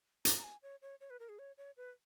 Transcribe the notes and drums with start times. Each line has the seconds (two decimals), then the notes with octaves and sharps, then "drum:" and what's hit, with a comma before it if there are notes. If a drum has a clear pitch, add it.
0.25 A#5, drum: hi-hat
0.37 A#5
0.44 G#5
0.63 C#5
0.82 C#5
1.01 C#5
1.10 B4
1.20 A#4
1.29 G#4
1.39 C#5
1.58 C#5
1.77 B4